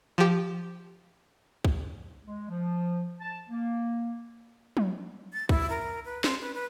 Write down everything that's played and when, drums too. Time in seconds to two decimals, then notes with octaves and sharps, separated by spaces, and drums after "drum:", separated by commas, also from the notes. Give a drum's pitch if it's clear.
0.18 F3 G4
1.65 drum: kick
2.25 G#3
2.49 F3
3.20 A5
3.49 A#3
4.77 drum: tom
5.33 A6
5.49 E4, drum: kick
5.70 A#4
6.05 B4
6.24 C5, drum: snare
6.41 B4
6.54 B4